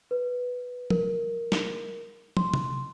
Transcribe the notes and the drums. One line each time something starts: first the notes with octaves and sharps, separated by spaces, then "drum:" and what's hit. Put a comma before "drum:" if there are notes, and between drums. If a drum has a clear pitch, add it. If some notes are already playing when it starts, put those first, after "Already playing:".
B4
A#4, drum: tom
drum: snare
C6, drum: tom
drum: tom